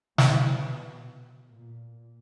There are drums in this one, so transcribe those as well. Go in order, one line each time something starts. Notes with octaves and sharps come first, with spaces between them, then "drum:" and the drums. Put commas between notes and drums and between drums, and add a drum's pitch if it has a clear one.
B2, drum: snare
A#2